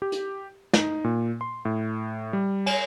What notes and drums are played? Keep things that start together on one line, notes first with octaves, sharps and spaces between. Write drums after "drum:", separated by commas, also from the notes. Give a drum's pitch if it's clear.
G4
drum: hi-hat
D#4, drum: snare
A#2
C6
A2
G3
G#5, drum: cymbal